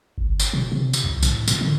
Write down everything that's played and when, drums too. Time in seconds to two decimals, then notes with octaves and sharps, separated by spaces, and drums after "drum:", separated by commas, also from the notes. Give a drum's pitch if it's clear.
0.18 G1
0.40 drum: tambourine
0.53 B2
0.72 C3
0.93 drum: tambourine
1.04 C2
1.23 A2, drum: tambourine
1.48 A#2, drum: tambourine
1.61 D3